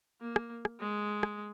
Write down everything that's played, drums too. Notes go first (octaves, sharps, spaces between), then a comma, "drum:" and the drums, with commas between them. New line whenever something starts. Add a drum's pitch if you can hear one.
A#3
drum: rim click
drum: rim click
G#3
drum: rim click